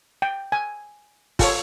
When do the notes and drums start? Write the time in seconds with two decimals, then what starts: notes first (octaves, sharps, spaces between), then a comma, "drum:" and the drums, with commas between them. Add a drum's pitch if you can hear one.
0.22 G5
0.52 G#5
1.39 F4 A4 C#5, drum: kick, open hi-hat